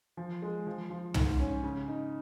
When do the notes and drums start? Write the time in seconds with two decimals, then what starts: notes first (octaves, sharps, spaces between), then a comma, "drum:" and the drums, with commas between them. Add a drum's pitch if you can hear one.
0.17 F3
0.42 G#3
0.67 F3
0.90 F3
1.14 G#2, drum: tom
1.39 C#4
1.63 C#3
1.88 D#4